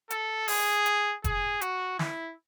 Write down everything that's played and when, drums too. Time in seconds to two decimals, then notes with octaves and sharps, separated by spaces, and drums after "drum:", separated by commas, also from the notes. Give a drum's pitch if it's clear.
0.10 A4, drum: hi-hat
0.48 G#4, drum: open hi-hat
0.86 drum: hi-hat
1.24 G#4, drum: kick F1, hi-hat
1.61 F#4, drum: hi-hat
1.99 E4, drum: snare